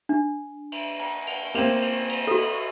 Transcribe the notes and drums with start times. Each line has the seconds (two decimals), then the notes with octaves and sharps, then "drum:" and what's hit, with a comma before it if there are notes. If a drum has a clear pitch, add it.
0.09 D4
0.72 drum: cymbal
0.99 drum: cymbal
1.27 drum: cymbal
1.55 A#3 C4, drum: cymbal
1.82 drum: cymbal
2.10 drum: cymbal
2.27 F#4 A4
2.37 drum: cymbal